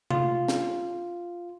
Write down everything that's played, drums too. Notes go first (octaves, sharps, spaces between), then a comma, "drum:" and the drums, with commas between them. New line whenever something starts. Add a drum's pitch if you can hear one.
F4, drum: tom C3
drum: snare